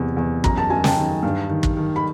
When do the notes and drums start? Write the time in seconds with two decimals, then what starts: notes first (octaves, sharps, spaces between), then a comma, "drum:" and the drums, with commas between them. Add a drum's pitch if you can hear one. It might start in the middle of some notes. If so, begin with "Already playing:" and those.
Already playing: E2 C3
0.16 E2
0.44 F#2 A#5, drum: kick
0.57 A5
0.70 F#2 G#5
0.84 G5 A5, drum: snare
0.97 D#3
1.23 G2
1.50 D#3
1.63 drum: kick
1.76 D#3
1.96 B5